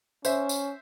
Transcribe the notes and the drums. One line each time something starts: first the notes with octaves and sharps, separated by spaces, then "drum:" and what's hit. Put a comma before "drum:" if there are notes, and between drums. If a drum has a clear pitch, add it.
C#4 C5 E5, drum: tambourine
drum: tambourine